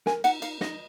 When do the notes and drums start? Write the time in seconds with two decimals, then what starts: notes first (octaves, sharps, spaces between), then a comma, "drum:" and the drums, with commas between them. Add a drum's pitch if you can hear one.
0.06 A#4 G#5, drum: snare
0.24 D#4 F#5, drum: cymbal
0.42 D#4 F5, drum: cymbal
0.61 D#4 D#5, drum: snare